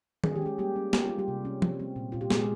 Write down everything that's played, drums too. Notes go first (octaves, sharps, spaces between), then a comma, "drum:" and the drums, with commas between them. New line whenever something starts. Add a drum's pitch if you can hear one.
C#4 G#4, drum: tom D#3
G4
G#3 C#4 G#4
G3 A#3 G4
C#4
A#3 G4, drum: snare
G3 F4
G3 G4
C3
C#4
C4, drum: tom F3
C4
A#2
A#2 F4
G4
A#2 G#3 G#4, drum: snare